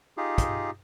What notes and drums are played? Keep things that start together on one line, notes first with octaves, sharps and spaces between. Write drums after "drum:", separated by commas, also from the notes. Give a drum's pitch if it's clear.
D#4 F4 G4 G#4
drum: kick, hi-hat